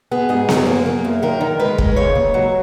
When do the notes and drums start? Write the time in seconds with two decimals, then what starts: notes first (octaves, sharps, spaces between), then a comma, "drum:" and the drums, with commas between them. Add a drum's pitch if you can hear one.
0.11 B3 G#4
0.29 G#2 G#4
0.49 F#2, drum: snare B3
0.66 A#3
0.86 A#3
1.05 F#2
1.22 D#3 A#4
1.41 D#3
1.59 G#3 B4
1.78 G#3, drum: kick
1.96 C#3 C#5
2.15 D#2
2.34 F#3